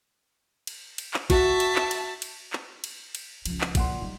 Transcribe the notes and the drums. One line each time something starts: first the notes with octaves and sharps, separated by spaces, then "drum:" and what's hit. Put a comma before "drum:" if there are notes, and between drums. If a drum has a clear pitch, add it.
drum: cymbal
drum: cymbal
drum: clap
F#4 E5 A5, drum: kick, cymbal
drum: cymbal
drum: clap
drum: cymbal
drum: cymbal
drum: clap
drum: cymbal
drum: cymbal
C#2 F3, drum: cymbal
drum: clap
A#2 F#5 C6, drum: kick, cymbal
G3 D#4